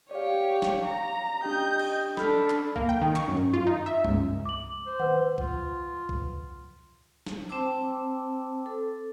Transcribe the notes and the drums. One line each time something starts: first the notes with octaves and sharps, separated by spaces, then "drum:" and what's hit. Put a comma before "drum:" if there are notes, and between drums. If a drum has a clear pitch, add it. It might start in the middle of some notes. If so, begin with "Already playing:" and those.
G4 C#5 D5 F5
drum: snare
A#5
D4 G4 D#5 G5 G6
drum: cymbal
D4 A4 B5 F6 B6, drum: snare
drum: clap
A#3, drum: kick
G5
D#3
C#6, drum: clap
F#2
drum: tom G2
F4
D#4
E5
C#2, drum: tom G2
D6 F#7
C5
B4 F#5, drum: tom D#3
F4, drum: kick
drum: kick
drum: snare
C4 C5 G5 A5 D6 E6
A4